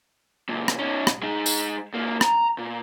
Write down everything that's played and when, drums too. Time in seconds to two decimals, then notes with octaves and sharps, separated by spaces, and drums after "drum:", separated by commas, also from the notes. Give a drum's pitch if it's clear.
0.49 C#2 A#2
0.68 drum: rim click
0.79 C#4 D#4
1.07 drum: rim click
1.23 G#3 D#4
1.46 drum: tambourine
1.93 G#2 A#3
2.21 A#5, drum: rim click
2.58 A#2